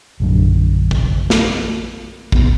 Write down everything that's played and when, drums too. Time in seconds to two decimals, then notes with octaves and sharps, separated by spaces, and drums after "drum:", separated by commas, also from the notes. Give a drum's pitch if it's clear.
0.20 A#1 F#2 D3 F#3
0.91 drum: kick
1.30 drum: snare
2.32 F1 B3, drum: kick